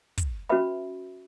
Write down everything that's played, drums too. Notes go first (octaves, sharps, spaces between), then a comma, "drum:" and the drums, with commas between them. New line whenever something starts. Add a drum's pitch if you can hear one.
drum: kick, hi-hat
C#4 F#4 B4 E5 B5